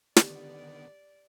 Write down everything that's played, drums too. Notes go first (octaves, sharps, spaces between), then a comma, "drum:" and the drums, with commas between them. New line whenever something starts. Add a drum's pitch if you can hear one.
D3 D#3 B3 G4 D5, drum: snare